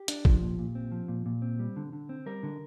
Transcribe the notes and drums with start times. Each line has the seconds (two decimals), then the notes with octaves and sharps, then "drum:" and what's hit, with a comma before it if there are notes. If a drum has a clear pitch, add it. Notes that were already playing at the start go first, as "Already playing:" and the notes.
Already playing: G4
0.08 D4, drum: hi-hat
0.25 F3, drum: kick
0.42 A#2
0.59 A#2
0.75 C4
0.92 F3
1.08 A#2
1.26 A#2
1.42 C4
1.59 G3
1.76 D3
1.93 D3
2.09 C4
2.26 G3 A#4
2.43 D3